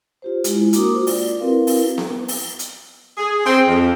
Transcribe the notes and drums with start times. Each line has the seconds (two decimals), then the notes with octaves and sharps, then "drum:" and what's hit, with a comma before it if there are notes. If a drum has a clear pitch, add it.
0.22 F4 G4 C5
0.44 G#3 E4, drum: hi-hat
0.73 A#3 D4 F#4 A#4 D6 D#6, drum: hi-hat
0.94 F4 C5
1.07 D5, drum: open hi-hat
1.40 C4 E4 F#4 A#4 B4 F5
1.67 drum: open hi-hat
1.98 drum: snare B3
2.28 drum: open hi-hat
2.59 drum: hi-hat
3.17 G#4
3.45 C4
3.67 F2